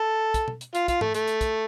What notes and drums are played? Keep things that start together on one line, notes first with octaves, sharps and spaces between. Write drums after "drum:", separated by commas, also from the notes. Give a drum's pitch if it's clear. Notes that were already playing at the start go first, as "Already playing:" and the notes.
Already playing: A4
drum: kick, hi-hat
drum: tom
drum: hi-hat
F4, drum: hi-hat
F4, drum: kick, hi-hat
A3, drum: tom G#2
A3, drum: hi-hat
drum: hi-hat
drum: kick, hi-hat